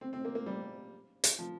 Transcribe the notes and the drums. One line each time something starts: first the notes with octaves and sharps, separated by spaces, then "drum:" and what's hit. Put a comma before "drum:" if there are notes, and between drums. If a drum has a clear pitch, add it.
C4
C4
A#3
A#3
G3
drum: hi-hat
F3